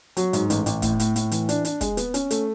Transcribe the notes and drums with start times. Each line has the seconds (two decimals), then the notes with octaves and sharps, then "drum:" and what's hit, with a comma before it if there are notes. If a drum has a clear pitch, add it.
0.17 F#3, drum: hi-hat
0.33 G#2, drum: hi-hat
0.50 A1, drum: hi-hat
0.66 A1, drum: hi-hat
0.82 A2, drum: kick, hi-hat
1.00 A2, drum: hi-hat
1.16 A2, drum: hi-hat
1.31 E3, drum: hi-hat
1.49 D4, drum: hi-hat
1.65 D4, drum: hi-hat
1.81 G#3, drum: kick, hi-hat
1.97 B3, drum: hi-hat
2.14 C#4, drum: hi-hat
2.31 A3, drum: hi-hat